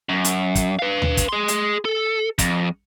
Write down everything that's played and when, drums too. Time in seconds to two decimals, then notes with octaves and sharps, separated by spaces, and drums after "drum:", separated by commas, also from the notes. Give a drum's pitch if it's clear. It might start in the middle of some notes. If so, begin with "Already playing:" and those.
0.09 F#2
0.25 drum: hi-hat
0.55 drum: kick, hi-hat
0.79 B4 F5
1.02 drum: tom D2
1.17 drum: kick, hi-hat
1.29 G#4 C6
1.48 drum: hi-hat
1.85 A4
2.39 F2, drum: kick, hi-hat